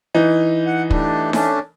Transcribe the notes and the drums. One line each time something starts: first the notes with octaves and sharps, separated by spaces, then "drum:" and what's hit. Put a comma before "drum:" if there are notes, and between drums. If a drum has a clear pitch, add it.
E3 D#4
F#5
G3 A3 D4, drum: kick
A3 C#4 D4, drum: snare D#4